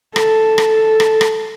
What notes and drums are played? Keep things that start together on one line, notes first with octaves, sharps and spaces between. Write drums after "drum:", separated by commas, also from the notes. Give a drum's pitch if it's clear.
A4, drum: rim click
drum: rim click
drum: rim click
drum: rim click